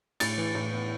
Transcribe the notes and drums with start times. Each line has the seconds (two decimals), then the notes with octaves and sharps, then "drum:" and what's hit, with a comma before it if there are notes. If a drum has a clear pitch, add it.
0.20 A2 A6, drum: cymbal
0.37 E3
0.55 A2
0.72 B3